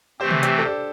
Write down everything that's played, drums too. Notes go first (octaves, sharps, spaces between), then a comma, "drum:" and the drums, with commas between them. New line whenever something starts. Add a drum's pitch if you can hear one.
C3 E3 A3 C4 G4 C5
drum: tom
G4 C5, drum: hi-hat
A4
D4 G4